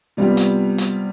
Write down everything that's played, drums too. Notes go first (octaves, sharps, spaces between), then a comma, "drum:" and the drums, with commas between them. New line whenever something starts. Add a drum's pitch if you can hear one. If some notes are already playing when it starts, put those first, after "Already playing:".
C3 G3 B3 F4
drum: hi-hat
drum: hi-hat